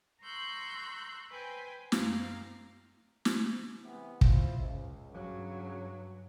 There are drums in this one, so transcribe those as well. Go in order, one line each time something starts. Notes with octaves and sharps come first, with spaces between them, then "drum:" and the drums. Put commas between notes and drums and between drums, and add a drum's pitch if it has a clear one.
A#5 C6 C#6 E6 F#6 G6
B4 C5 G5 G#5
F#2 C4 F5 A#5, drum: snare
drum: snare
C3 E3 B3
E4 F4 C5, drum: kick
C#2
G2 C#3 F#3